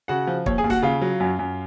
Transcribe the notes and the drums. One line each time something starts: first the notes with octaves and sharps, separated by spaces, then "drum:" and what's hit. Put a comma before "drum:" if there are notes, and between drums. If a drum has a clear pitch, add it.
C#3 F#4 F#5
F3
D#2 C#5, drum: kick
G#4 G#5
D#2
F#4 F#5, drum: snare
C#3 F4 F5
F#3
F#2
F#2